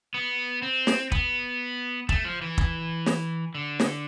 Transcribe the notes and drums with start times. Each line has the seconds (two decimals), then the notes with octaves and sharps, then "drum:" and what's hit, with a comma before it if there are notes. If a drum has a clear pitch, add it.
0.14 B3
0.62 C4
0.87 drum: snare
1.12 B3, drum: kick
2.09 A3, drum: kick
2.24 F3
2.42 E3
2.58 drum: kick
3.06 drum: snare
3.55 D3
3.80 drum: snare